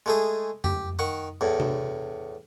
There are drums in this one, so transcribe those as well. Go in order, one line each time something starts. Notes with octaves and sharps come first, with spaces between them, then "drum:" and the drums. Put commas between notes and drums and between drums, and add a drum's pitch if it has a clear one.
G#3 A3 G#4
G4, drum: tom F2
D#3 F#5 C#6
E2 A2
drum: tom